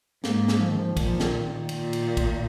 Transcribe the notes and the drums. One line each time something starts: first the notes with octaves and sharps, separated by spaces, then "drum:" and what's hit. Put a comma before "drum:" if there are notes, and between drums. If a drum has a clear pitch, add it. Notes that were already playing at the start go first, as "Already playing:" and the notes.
G#2 A#3, drum: snare
drum: snare
F3
D#3
F3
A#2 D#3, drum: kick, cymbal
F3
D#3, drum: snare
A#2, drum: cymbal
drum: cymbal
drum: kick, cymbal